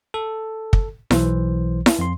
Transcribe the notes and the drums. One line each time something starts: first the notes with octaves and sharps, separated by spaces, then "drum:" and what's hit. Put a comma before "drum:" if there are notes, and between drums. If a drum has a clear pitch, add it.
A4
drum: kick
B1 E3 C5, drum: snare E4
drum: snare E4
F2 C6